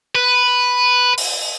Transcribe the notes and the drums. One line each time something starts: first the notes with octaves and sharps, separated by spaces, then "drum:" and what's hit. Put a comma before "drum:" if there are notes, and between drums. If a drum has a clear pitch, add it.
B4
drum: open hi-hat